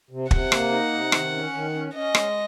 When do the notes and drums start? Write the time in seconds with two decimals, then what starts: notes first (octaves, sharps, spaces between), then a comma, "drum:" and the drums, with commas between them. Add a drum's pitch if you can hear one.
0.10 C3
0.31 C3 F#5, drum: kick
0.52 A#3, drum: rim click
0.72 D#4
0.92 C3
1.12 D#3, drum: rim click
1.33 C#4
1.54 D#3
1.74 C#4
1.94 C#4 D#5
2.15 G#3, drum: rim click